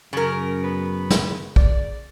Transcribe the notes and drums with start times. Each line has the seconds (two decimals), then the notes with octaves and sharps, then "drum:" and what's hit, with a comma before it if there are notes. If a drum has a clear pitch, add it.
0.13 F#2 C#3 A#4
0.63 B3
1.10 drum: snare
1.56 D5, drum: kick A#1